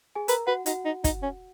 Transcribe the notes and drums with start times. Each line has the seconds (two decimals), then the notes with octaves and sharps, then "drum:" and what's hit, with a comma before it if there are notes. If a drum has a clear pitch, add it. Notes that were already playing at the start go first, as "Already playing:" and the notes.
0.15 G#4 G#5
0.28 A#4 B4 A#5, drum: hi-hat
0.47 F#4 B4 F#5
0.66 D#4 F#4 F#5, drum: hi-hat
0.85 D#4
1.04 D#4, drum: kick, hi-hat
1.23 C#4